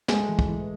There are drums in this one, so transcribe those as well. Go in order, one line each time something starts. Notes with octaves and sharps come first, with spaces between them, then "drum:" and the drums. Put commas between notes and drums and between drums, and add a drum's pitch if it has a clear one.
G#3 A3, drum: snare
E3
drum: kick
E3